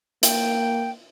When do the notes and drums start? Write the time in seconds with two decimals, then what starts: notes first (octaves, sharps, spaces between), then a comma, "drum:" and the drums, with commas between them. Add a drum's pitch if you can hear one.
0.23 A#3 G5, drum: hi-hat